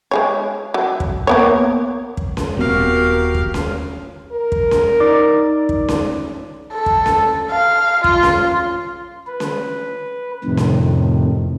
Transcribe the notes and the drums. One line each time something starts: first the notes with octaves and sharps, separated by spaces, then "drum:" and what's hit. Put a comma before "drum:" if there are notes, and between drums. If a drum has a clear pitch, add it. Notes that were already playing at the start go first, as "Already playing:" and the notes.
G#3 G#4 C#5
F#3
drum: kick
A#3 B3 C#5
drum: kick
drum: snare C#4
D#1 B3 C4 F#4 G4 A#4 F5
drum: kick
drum: snare C#4
A#4
drum: kick
drum: snare C#4
D#4 D5 D6
drum: kick
drum: snare C#4
A4
drum: kick
drum: snare C#4
F5
F4, drum: kick
drum: snare C#4
B4
drum: snare C#4
F2 A2 C3 D#3
drum: snare C#4